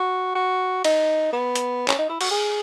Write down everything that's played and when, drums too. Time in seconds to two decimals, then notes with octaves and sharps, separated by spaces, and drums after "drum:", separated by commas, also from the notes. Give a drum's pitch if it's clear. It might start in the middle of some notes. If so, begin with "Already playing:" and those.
Already playing: F#4
0.35 F#4
0.84 D#4, drum: cymbal
1.33 B3
1.55 drum: hi-hat
1.88 C#4, drum: clap
1.98 D#4
2.09 E4
2.21 F#4, drum: cymbal
2.31 G#4